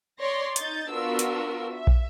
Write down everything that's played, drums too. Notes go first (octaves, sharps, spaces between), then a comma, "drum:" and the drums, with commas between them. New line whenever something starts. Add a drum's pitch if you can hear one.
C#5 D5 C6 A#6
D#4 G6 A6, drum: hi-hat
B3 D4 F4 F#4 A#4 E6
drum: hi-hat
E5
drum: kick